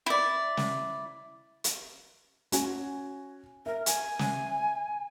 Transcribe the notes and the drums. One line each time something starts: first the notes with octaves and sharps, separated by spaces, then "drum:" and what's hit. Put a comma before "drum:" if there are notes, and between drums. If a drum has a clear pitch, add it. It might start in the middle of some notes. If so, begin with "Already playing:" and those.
E4 D5
drum: snare
drum: hi-hat
C#4 F#4 G#5, drum: hi-hat
A#4 E5
G#5, drum: hi-hat
drum: snare